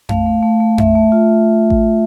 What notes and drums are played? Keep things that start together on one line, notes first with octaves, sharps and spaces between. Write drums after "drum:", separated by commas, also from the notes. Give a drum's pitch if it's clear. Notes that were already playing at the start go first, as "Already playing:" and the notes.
A3 F5, drum: tom F2
A3
A3
A3
A3 E5, drum: tom F2
A3
F4
drum: kick A1